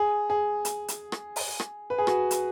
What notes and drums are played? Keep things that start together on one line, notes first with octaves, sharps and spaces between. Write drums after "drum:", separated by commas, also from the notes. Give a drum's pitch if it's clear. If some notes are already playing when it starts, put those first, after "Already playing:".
Already playing: G#4
G#4
drum: hi-hat
drum: hi-hat
drum: rim click
drum: open hi-hat
drum: rim click
B4
G#4
F#4, drum: rim click
drum: hi-hat